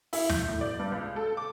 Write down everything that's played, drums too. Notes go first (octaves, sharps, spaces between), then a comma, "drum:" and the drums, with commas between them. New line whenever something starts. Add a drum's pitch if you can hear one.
E4, drum: open hi-hat
G6, drum: tom
A2
D5
G2
C#2
A4
D6